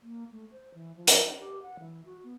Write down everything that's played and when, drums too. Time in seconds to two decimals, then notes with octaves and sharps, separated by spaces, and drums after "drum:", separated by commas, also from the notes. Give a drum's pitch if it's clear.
0.02 A#3
0.32 A3
0.51 C5
0.74 E3
0.96 F3
1.07 drum: hi-hat
1.27 D#4
1.38 G4
1.62 F#5
1.79 E3
2.05 F#4
2.24 B3